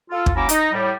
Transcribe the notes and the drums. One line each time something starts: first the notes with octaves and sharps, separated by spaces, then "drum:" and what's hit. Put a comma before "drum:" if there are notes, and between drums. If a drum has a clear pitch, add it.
F4 A4
drum: kick
F#3 A#3 C#4 E4 A#5 D6
D#4, drum: hi-hat
A2 G3